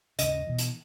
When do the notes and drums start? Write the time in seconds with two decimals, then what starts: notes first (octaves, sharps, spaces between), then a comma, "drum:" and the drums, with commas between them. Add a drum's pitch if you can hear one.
0.19 D#2 G#2 C#3 D#5, drum: hi-hat
0.47 B2 E3
0.58 drum: hi-hat